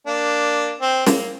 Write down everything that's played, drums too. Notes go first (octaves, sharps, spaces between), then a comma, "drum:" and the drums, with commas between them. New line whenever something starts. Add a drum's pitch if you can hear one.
A#3 D4
C4
A#3, drum: snare